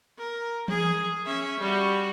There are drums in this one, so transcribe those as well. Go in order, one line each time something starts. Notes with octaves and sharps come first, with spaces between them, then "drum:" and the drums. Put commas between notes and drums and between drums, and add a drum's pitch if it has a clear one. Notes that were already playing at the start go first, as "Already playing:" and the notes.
A#4
G#4, drum: tom E3
C#4 E5
G3 F#4